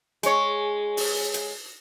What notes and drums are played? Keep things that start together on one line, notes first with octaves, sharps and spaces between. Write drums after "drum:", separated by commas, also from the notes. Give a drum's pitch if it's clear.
G#3 C#5, drum: hi-hat
drum: open hi-hat
drum: hi-hat